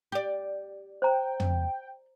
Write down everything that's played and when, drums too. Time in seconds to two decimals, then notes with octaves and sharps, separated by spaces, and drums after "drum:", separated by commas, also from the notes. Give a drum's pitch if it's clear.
0.12 G4 D5
1.02 C5 G5 A#5
1.40 drum: tom